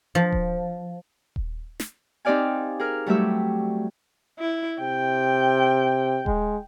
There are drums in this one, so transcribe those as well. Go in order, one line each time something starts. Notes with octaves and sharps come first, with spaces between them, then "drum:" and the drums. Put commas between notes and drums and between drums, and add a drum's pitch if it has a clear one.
F3
drum: kick D#1
drum: kick D#1
drum: snare
C4 D#4 G4 D5 F5 G#5
G#4 A#4 F6
F#3 G3 A3 G4 E5 E6
E4
C3 G5
G#3, drum: kick D#1